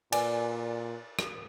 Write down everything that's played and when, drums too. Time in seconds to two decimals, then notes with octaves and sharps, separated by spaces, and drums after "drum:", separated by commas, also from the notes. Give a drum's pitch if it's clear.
0.12 A#2 B4 D5 G#5, drum: cymbal
1.19 drum: rim click